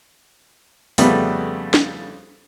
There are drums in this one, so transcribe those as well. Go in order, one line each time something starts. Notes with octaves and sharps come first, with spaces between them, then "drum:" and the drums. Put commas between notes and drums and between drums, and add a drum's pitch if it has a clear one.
F2 C#3 G3 A3 B3, drum: open hi-hat
drum: snare